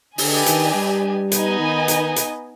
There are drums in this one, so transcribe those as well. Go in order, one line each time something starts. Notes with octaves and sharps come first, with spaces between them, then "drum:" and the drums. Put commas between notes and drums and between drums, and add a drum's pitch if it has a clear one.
D3 D4 G4 B4 D#5 G#5, drum: open hi-hat
D#3, drum: hi-hat
G3
B3 D#4 B4 D#5 G#5, drum: hi-hat
D#3
drum: hi-hat
drum: hi-hat